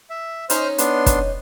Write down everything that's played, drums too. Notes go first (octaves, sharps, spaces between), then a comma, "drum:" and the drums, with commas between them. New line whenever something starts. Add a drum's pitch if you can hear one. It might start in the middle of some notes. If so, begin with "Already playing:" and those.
E5
C#4 D#4 C5 F6, drum: hi-hat
B3 D4 C6, drum: hi-hat
drum: kick, hi-hat